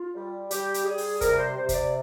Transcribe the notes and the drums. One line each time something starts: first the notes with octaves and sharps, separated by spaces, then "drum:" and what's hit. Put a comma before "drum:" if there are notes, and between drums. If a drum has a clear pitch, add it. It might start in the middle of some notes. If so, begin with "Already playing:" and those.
Already playing: F4
G3
G3 G4, drum: hi-hat
drum: hi-hat
G3 G#4
drum: open hi-hat
C3 A#4, drum: kick, hi-hat
C5
C3 C5
C5, drum: kick, hi-hat
D5